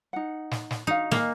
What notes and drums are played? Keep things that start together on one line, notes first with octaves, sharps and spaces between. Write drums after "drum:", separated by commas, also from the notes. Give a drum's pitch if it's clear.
D#4 F#5
drum: snare
drum: snare
D#4 F#4 F5
A#3 D#5 F5 G#5, drum: snare